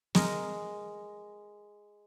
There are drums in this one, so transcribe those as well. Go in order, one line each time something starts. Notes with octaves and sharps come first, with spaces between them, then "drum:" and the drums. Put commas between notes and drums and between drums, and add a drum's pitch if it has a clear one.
G#3 A#4, drum: snare